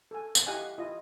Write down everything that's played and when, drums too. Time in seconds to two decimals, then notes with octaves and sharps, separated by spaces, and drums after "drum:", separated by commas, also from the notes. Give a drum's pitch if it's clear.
0.11 A4 G#5
0.35 drum: tambourine
0.46 E4 G4 D#5 F5 F#5 G#5
0.78 E4 F4 D#5